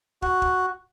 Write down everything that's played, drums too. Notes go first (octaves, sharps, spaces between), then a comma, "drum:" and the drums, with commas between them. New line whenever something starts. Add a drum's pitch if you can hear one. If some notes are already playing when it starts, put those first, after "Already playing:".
F#4, drum: kick
drum: kick